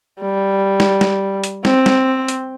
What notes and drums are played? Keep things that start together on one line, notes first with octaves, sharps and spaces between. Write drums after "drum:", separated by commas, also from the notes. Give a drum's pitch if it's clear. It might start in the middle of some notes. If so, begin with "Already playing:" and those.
G3
drum: snare
drum: snare
drum: hi-hat
C4, drum: snare
drum: snare
drum: hi-hat